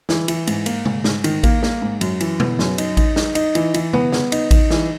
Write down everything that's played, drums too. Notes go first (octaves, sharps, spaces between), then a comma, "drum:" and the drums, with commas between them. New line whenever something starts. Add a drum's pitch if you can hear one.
E3, drum: snare
E3, drum: cymbal
G#2, drum: cymbal
A#3, drum: cymbal
G#2, drum: tom C3
G#2, drum: snare
D#3, drum: cymbal
A#3, drum: kick A1, cymbal
A#3, drum: snare
G#2
F#2, drum: cymbal
E3, drum: cymbal
B3, drum: tom B2
F#2, drum: snare
D#4, drum: cymbal
D#4, drum: kick A1, cymbal
D#4, drum: snare
D#4, drum: cymbal
E3, drum: cymbal
E3, drum: cymbal
B3, drum: tom C3
B3, drum: snare
D#4, drum: cymbal
D#4, drum: kick A1, cymbal
E3, drum: snare